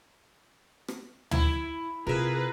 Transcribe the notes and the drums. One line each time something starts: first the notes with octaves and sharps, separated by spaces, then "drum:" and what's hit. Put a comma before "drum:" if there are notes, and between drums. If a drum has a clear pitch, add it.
drum: rim click
E4, drum: tom
C3 F4 G#4 A#4 B4 E5